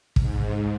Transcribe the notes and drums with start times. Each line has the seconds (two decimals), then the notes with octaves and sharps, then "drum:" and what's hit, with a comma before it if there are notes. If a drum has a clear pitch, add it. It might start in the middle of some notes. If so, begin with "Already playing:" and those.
0.16 G#2, drum: kick